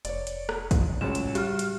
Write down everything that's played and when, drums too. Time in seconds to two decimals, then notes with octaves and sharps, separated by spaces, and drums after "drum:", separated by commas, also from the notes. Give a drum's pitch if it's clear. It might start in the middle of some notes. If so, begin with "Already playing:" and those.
0.05 F1 C#5 D5, drum: hi-hat
0.27 drum: hi-hat
0.49 drum: rim click
0.71 drum: kick, hi-hat
1.01 C#2 A2 F#3 C#5 E7
1.15 drum: hi-hat
1.35 G3 F#4 G4 F6, drum: hi-hat
1.59 drum: hi-hat